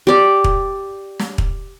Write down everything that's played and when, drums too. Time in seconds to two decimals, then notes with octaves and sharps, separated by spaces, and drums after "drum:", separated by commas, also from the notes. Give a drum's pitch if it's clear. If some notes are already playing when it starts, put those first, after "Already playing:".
0.07 G4 D5
0.44 drum: kick
1.19 drum: snare
1.38 drum: kick